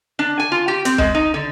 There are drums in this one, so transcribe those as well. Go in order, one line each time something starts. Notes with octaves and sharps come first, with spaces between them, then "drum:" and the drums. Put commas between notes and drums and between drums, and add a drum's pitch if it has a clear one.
D4
G#5
F4
G4
C4, drum: hi-hat
G#3, drum: kick
D#4
D3